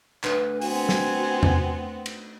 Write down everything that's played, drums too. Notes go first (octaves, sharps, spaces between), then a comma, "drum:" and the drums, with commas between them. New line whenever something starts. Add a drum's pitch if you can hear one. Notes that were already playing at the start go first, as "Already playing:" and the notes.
D2 B4, drum: clap
B3 C4 F#4 G#5, drum: open hi-hat
drum: snare
drum: tom E2
drum: cymbal